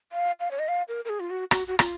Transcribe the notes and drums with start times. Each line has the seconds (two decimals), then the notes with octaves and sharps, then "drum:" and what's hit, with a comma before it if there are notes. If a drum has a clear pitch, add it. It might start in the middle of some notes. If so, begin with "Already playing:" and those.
0.12 F5
0.40 F5
0.51 C#5
0.59 D#5
0.68 F5
0.88 A#4
1.05 A#4
1.09 G#4
1.20 F4
1.30 F#4
1.51 F#4, drum: rim click
1.67 F#4
1.79 F4, drum: rim click